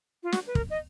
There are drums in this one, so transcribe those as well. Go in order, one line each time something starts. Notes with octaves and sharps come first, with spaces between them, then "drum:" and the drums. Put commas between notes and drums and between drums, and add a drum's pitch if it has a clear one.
F4
F#4, drum: snare
B4
A#4, drum: kick
D#5